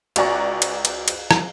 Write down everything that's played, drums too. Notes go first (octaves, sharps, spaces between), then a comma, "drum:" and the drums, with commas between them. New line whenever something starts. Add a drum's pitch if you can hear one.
C#2 F#4 D5 G#5 A#5 C#6, drum: cymbal
drum: cymbal
drum: cymbal
drum: cymbal
drum: rim click